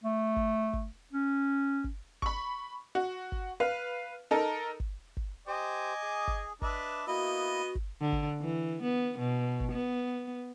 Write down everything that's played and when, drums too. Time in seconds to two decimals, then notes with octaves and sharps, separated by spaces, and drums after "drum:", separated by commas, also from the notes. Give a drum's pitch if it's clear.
0.04 A3
0.36 drum: kick G1
0.73 drum: kick G1
1.13 C#4
1.84 drum: kick G1
2.22 B5 C#6, drum: kick G1
2.95 F#4
3.32 drum: kick G1
3.60 B4 F5
4.31 D#4 A4 A#4
4.80 drum: kick G1
5.17 drum: kick G1
5.48 G4 C5 D#5 G#5 D6
6.03 G#4
6.28 drum: kick G1
6.62 D4 B4 D#5 E5, drum: kick G1
7.07 A#3 B3 E4 F#4 D#5
7.75 drum: kick G1
8.01 D3
8.12 drum: kick G1
8.41 E3
8.83 B3
9.19 B2
9.60 drum: kick G1
9.73 B3